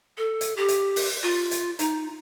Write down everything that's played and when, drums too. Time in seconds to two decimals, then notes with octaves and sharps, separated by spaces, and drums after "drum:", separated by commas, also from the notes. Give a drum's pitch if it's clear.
0.18 A4
0.41 drum: hi-hat
0.57 G4
0.68 drum: hi-hat
0.96 drum: open hi-hat
1.23 F4
1.51 drum: hi-hat
1.79 D#4, drum: hi-hat